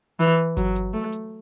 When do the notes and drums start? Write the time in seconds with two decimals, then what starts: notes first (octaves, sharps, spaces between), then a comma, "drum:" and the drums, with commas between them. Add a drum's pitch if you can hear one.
0.20 E3, drum: hi-hat
0.57 F#3, drum: kick G1, hi-hat
0.75 drum: hi-hat
0.93 A3
1.12 drum: hi-hat